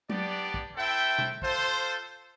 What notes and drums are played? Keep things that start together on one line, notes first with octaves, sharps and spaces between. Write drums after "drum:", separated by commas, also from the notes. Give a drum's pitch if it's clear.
B3 D4 G4 D5, drum: tom F#3
drum: kick
C4 E4 A4 E5 G5
drum: tom B2
F4 A4 C5, drum: kick